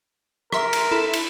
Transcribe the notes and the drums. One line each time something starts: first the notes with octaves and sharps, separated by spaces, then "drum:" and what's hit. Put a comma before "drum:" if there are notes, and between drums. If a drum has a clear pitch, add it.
A#4 E5 C6 B6, drum: rim click
drum: cymbal
E4 A4 B5
drum: cymbal